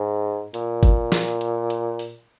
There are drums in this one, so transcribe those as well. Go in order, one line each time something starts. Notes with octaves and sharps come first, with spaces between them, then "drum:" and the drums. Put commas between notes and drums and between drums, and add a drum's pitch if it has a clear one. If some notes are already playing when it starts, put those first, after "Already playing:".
Already playing: G#2
A#2, drum: hi-hat
drum: kick G1, hi-hat
drum: snare
drum: hi-hat
drum: hi-hat
drum: open hi-hat